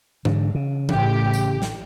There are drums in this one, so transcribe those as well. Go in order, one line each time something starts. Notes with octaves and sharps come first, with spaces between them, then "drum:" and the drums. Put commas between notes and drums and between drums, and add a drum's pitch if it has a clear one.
G#2 D3, drum: tom E3
C#3
A1 G4, drum: tom E3
drum: tambourine
drum: snare